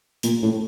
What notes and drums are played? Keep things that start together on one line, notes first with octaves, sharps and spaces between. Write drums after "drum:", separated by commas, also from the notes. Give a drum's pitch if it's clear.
A#2, drum: hi-hat
A2